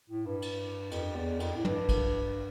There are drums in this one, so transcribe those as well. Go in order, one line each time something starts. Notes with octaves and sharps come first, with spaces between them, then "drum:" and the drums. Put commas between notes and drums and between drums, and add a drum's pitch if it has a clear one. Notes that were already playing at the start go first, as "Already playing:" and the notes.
A2
G2
drum: cymbal
F2, drum: cymbal
E2
F2, drum: cymbal
A2
G2, drum: tom
drum: kick, cymbal